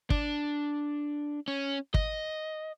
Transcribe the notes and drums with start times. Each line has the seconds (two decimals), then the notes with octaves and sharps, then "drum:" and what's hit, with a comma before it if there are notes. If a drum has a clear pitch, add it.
0.10 D4, drum: kick
1.48 C#4
1.94 D#5, drum: kick